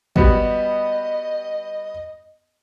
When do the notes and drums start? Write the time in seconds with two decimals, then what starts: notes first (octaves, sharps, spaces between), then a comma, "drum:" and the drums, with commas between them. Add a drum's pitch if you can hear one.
0.16 G3 B3 F#4 D#5, drum: kick